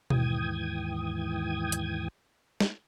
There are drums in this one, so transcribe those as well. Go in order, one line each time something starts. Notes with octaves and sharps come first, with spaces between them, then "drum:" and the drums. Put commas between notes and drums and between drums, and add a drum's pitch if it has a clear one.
D#2 G#2 E3 G5 D#6 G#6, drum: tom B2
drum: hi-hat
drum: snare